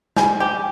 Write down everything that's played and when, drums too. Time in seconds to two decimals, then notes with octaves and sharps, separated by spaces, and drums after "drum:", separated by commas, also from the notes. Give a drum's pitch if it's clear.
0.16 G3 G#5, drum: snare
0.40 G4